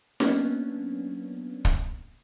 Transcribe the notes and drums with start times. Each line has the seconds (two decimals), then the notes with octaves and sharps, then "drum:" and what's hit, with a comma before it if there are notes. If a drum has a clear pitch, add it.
0.20 F#3 A#3 B3 C#4 D4, drum: snare D#4
1.65 drum: kick